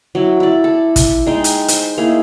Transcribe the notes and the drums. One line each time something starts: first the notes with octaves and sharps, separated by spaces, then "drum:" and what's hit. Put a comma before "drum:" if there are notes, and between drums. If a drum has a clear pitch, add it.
F#3 E4
E4 D5
A4
drum: kick, hi-hat
G#3 D#4 G5
drum: hi-hat
C5, drum: hi-hat
A#3 D#4 E4 G#4